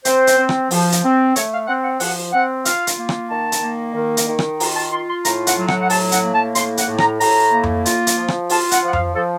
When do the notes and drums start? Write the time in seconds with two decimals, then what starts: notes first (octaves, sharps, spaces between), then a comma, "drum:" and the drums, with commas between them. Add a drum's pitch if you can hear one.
0.05 C4 C5, drum: hi-hat
0.27 drum: hi-hat
0.38 C4
0.49 drum: rim click
0.71 F3, drum: open hi-hat
0.92 drum: hi-hat
1.04 C4
1.36 A3 C#5, drum: hi-hat
1.51 F5
1.67 C4 F#5
1.84 F#5
2.00 F3 F#5, drum: open hi-hat
2.33 C4 F#5
2.65 F4 F5, drum: hi-hat
2.87 drum: hi-hat
2.98 A#3
3.09 drum: rim click
3.30 D#3 A5
3.52 drum: hi-hat
3.62 A#3
3.95 D#3
4.17 drum: hi-hat
4.28 D#3
4.39 drum: rim click
4.60 F4 A#5, drum: open hi-hat
4.76 A5
4.92 F4 C6
5.09 C6
5.25 A2 A#5, drum: hi-hat
5.47 F#5, drum: hi-hat
5.58 F#3
5.68 F#5, drum: rim click
5.80 F#5
5.90 A2 A5, drum: open hi-hat
6.12 F#5, drum: hi-hat
6.23 A#3
6.34 A5
6.55 A2 C6, drum: hi-hat
6.77 F#5, drum: hi-hat
6.87 A2
6.98 A#5, drum: rim click
7.20 A2 A#5, drum: open hi-hat
7.53 A#3
7.63 drum: tom F2
7.85 F4, drum: hi-hat
8.07 drum: hi-hat
8.17 F3
8.28 drum: rim click
8.49 F4 A5, drum: open hi-hat
8.71 F#5, drum: hi-hat
8.83 F3
8.88 F#5
8.93 F5, drum: tom F2
9.15 F3 A4